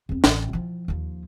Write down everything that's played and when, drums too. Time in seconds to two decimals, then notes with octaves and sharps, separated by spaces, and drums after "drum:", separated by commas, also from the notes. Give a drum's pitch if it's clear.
0.09 E2 C4
0.24 A1, drum: snare
0.53 F3 E4
0.88 D#2 F3